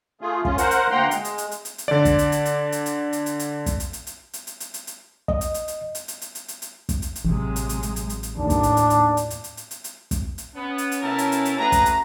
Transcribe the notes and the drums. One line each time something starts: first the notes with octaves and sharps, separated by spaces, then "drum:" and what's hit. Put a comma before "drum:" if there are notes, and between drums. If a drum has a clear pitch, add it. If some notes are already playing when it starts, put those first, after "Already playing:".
A3 F4 G#4
C#4 F4, drum: kick
A#4 C5 F#5, drum: hi-hat
drum: hi-hat
D2 A#3 F#5 G5 A#5 C6
G#3, drum: hi-hat
drum: hi-hat
drum: hi-hat
drum: hi-hat
drum: hi-hat
drum: hi-hat
D3 D5
drum: kick, hi-hat
drum: hi-hat
drum: hi-hat
drum: hi-hat
drum: hi-hat
drum: hi-hat
drum: hi-hat
drum: hi-hat
drum: hi-hat
drum: kick, hi-hat
drum: hi-hat
drum: hi-hat
drum: hi-hat
drum: hi-hat
drum: hi-hat
drum: hi-hat
drum: hi-hat
drum: hi-hat
D#5, drum: kick
drum: hi-hat
drum: hi-hat
drum: hi-hat
drum: hi-hat
drum: hi-hat
drum: hi-hat
drum: hi-hat
drum: hi-hat
drum: hi-hat
drum: kick, hi-hat
drum: hi-hat
drum: hi-hat
A1 C3 F#3 G#3
drum: hi-hat
drum: hi-hat
drum: hi-hat
drum: hi-hat
drum: hi-hat
drum: hi-hat
D#2 A2 D4
drum: kick, hi-hat
drum: hi-hat
drum: hi-hat
drum: hi-hat
drum: hi-hat
drum: hi-hat
drum: hi-hat
drum: hi-hat
drum: hi-hat
drum: hi-hat
drum: kick, hi-hat
drum: hi-hat
B3 C#4
drum: hi-hat
drum: hi-hat
B2 A3 E4 A#4 A5
drum: hi-hat
drum: hi-hat
drum: hi-hat
A3 C#4 F#4 G#4 B4 A#5
drum: kick, hi-hat
drum: hi-hat